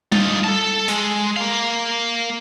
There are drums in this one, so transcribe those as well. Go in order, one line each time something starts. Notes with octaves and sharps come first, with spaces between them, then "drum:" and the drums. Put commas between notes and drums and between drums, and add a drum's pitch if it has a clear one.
D#4 F4, drum: tom G3
A4 A5
G#3, drum: hi-hat
A#3 F5